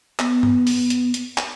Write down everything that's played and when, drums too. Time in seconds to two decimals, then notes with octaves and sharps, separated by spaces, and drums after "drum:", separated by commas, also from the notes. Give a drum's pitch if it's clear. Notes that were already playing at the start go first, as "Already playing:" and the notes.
0.19 B3, drum: clap
0.43 drum: tom G2
0.67 drum: open hi-hat
0.90 drum: hi-hat
1.14 drum: hi-hat
1.38 drum: clap